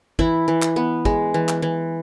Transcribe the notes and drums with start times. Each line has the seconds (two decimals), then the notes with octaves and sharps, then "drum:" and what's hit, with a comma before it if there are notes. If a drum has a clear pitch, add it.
0.19 E3 E4, drum: kick
0.48 E3
0.62 drum: clap
0.76 B3
1.05 G#3, drum: kick
1.34 E3
1.48 drum: clap
1.62 E3